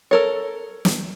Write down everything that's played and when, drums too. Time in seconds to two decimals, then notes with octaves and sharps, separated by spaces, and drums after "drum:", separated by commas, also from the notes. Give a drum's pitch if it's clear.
0.11 A4 A#4 C#5
0.85 drum: snare